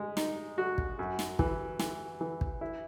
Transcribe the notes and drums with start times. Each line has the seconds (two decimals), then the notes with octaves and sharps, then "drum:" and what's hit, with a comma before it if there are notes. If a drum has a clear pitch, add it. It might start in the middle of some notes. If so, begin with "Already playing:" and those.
Already playing: G#3
0.17 D#4, drum: snare
0.58 F#4
0.78 drum: kick
0.99 F#2
1.19 drum: snare
1.39 E3, drum: kick
1.79 E3, drum: snare
2.21 E3
2.41 drum: kick
2.61 E4